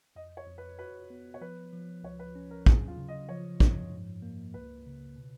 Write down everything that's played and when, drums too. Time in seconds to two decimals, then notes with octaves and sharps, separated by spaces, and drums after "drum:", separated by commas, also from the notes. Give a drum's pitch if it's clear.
0.16 F2 D#5
0.37 C#5
0.47 F2
0.58 B4
0.79 F#4 B4
1.10 B3
1.34 C#5
1.41 F3 B4
1.73 F3
2.03 C#2 C#5
2.19 B4
2.35 C#4
2.51 A#4
2.66 F#3 G#4, drum: kick
2.88 F4
2.97 C#3
3.08 D#5
3.29 F3 C#5
3.60 F#2, drum: kick
3.92 G#2
4.22 A#3
4.54 C#2 B4
4.86 C#3
5.16 B2